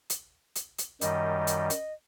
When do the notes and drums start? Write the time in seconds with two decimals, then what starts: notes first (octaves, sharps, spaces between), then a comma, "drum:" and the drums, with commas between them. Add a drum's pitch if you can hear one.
0.10 drum: hi-hat
0.55 drum: hi-hat
0.78 drum: hi-hat
1.01 F#2 D#3 G3 D#5, drum: hi-hat
1.47 drum: hi-hat
1.70 drum: hi-hat